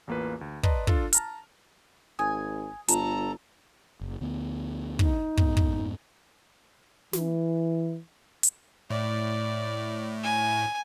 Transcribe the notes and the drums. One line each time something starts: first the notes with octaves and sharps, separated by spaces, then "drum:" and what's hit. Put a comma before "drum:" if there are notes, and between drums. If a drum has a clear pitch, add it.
A1 E2 A#3 F4 B4
D2
B4 D5 D#5 A5 A#5 C6, drum: kick
D4 F4 A4, drum: kick
A5 A#5 F6, drum: hi-hat
G#1 G#5 D#6
G1 F4 A4 A#5, drum: hi-hat
F#1
D2 B3
D#4, drum: kick
F2 G#2 B3, drum: kick
drum: kick
E3, drum: snare
drum: hi-hat
A2 D5
G#5